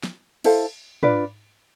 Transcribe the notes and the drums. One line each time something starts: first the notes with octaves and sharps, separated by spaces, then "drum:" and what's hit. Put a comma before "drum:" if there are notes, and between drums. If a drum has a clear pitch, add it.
drum: snare
E4 A4 C5 F5, drum: cymbal
D4 F4 B4 D5, drum: tom